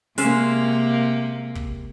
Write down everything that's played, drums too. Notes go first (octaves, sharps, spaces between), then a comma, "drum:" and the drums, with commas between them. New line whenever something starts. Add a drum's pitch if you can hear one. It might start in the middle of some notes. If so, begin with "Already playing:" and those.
C3 G#3 A#3 C#4 C5, drum: hi-hat
drum: kick